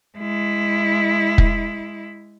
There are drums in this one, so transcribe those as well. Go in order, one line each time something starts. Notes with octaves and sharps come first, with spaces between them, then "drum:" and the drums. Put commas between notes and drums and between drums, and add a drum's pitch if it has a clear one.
G#3 E4
drum: kick